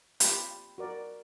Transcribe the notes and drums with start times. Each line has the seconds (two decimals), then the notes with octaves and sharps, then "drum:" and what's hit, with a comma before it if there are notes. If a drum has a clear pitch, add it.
0.20 F4 G4 G5 A5 B5, drum: hi-hat
0.78 F#4 A#4 D5